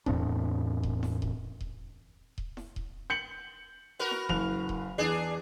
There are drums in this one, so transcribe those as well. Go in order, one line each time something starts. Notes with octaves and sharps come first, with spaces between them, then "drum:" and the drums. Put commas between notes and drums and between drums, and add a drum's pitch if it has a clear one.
E2 A2 C4 D4, drum: kick D#1
drum: kick D#1
drum: snare E4
drum: kick D#1
drum: kick D#1
drum: kick D#1
drum: snare E4
drum: kick D#1
G6 C#7 F#7
F#4 A#4 B4
drum: snare E4
F#1 F7, drum: kick D#1
drum: kick D#1
E2 D4 G#4